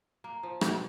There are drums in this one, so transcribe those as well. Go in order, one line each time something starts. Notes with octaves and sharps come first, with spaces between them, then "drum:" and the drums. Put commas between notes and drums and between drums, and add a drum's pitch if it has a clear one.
A#3
F3
B2, drum: rim click